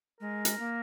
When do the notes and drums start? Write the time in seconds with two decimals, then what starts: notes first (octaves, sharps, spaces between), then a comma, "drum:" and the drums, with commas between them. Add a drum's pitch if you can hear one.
0.21 G#3 A#4
0.45 drum: hi-hat
0.59 A#3